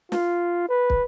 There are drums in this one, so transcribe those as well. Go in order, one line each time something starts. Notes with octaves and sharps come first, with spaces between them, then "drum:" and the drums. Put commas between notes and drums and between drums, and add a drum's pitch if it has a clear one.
F4, drum: snare
B4
drum: kick